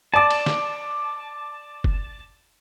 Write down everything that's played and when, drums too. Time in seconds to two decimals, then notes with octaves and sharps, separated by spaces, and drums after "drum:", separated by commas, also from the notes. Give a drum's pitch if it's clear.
0.14 D5 A5 D6
0.30 drum: cymbal
0.46 drum: snare
1.84 drum: kick F#1